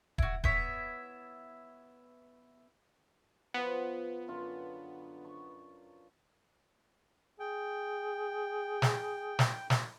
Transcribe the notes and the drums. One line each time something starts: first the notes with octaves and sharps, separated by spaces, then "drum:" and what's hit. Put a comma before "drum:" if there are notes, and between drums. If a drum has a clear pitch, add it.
E4 F#4, drum: kick D#1
B3 E4 C#5 E5, drum: kick D#1
F3 B3 B4
F#2 D3 F4
C#6
G#4 G5
drum: snare
drum: snare
drum: snare